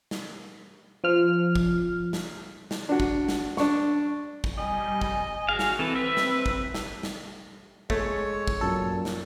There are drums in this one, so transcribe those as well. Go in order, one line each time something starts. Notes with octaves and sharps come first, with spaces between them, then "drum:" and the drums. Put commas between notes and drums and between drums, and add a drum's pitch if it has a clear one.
drum: snare
F3 F6
drum: kick
drum: snare
drum: snare
D4 F#4
drum: kick
drum: snare
D4 C#6, drum: snare
drum: kick
G3 D#5 G#5
drum: kick
G#1 F#4 G#4 F5
drum: snare
E3 C4 A4 B5
B4 E5
drum: snare
drum: kick
drum: snare
drum: snare
G#3 A3 C#5, drum: kick
drum: kick
F#2 A#2 A4
drum: snare